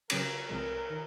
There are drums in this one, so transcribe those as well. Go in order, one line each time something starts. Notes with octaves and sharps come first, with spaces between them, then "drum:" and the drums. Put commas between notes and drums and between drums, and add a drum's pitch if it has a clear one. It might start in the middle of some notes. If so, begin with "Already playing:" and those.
C#3 F#3 C#4 F#4 A#4 C#5, drum: cymbal
C2 C3 F3 G#3 A#4
D#3